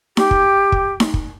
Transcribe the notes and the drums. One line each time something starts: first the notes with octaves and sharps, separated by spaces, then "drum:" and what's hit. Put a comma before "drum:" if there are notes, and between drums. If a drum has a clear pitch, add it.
G4, drum: snare D#4
drum: kick
drum: kick
drum: snare D#4
drum: kick